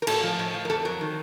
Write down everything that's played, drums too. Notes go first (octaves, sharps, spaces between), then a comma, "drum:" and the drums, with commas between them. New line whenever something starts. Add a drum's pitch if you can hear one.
A#4
A2 A4, drum: cymbal
F3
A2
F3
A#4
F2 A4
F#3 A#4
D#3